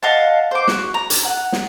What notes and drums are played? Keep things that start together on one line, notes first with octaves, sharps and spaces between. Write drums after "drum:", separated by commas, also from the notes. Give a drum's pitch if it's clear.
D#5 F5 F#5 A5
C5 D6
F#4 F#6, drum: snare
A#5
drum: hi-hat
F#5
drum: snare